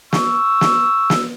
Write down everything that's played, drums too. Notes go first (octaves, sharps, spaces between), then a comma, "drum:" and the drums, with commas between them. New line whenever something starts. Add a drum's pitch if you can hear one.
C#6 E6, drum: snare
drum: snare
drum: snare